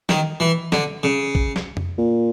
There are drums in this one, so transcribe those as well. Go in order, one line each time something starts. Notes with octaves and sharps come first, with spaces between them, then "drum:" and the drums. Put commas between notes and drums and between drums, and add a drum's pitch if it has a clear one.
D#3, drum: snare
E3
D3, drum: snare
C#3
drum: kick
drum: snare
drum: tom F2
A#2